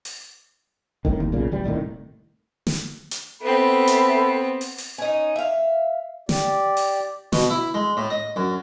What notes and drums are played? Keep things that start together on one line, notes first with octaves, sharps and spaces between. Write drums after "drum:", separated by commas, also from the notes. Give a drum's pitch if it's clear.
drum: open hi-hat
C2 A2 D#3, drum: kick F#1
D#2
B1 A#2 C#3
D#1 A1 G3
D#1 C2 A2 D#3
drum: snare
drum: hi-hat
B3 C4 A4 E5 B5
drum: hi-hat
drum: open hi-hat
drum: open hi-hat
C#4 D#4
E5 F5
G4 D5, drum: snare
drum: open hi-hat
B2, drum: snare
E4
G#3
A2
D#5
F#2